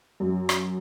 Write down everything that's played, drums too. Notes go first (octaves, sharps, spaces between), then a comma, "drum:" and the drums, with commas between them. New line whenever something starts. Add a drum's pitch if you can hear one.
F#2
drum: rim click